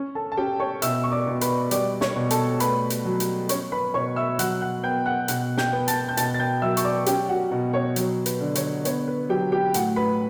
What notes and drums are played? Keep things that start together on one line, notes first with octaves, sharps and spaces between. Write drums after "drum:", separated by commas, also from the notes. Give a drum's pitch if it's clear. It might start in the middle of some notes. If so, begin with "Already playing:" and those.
Already playing: C#4
A4 A5
A5
C#4 G4 G5
C#5 C#6
B2 E5 E6, drum: hi-hat
C#6
D5 D6
B2
B4 B5, drum: hi-hat
G3 D5 D6, drum: hi-hat
C#5 C#6, drum: snare
B2
A4 A5, drum: hi-hat
A3 B4 B5, drum: hi-hat
drum: hi-hat
F#3
drum: hi-hat
C#4 C#5 C#6, drum: hi-hat
B4 B5
B2 C#5 C#6
E5 E6
F#3 F#5 F#6, drum: hi-hat
F#5 F#6
B3 G5 G6
F#5 F#6
B2 F#5 F#6, drum: hi-hat
G5 G6, drum: snare
B3
A5 A6, drum: hi-hat
G6
B2 A5 A6, drum: hi-hat
A6
G5 G6
F#3 E5 E6
C#6, drum: hi-hat
D5 D6
C#4 G4 G5, drum: hi-hat
F#4 F#5
B2
C#5
F#3, drum: hi-hat
B4, drum: hi-hat
D3
C#5, drum: hi-hat
B3 C#5, drum: hi-hat
B4
F#3 G4 G5
G4 G5
A2 F#4 F#5, drum: hi-hat
B4 B5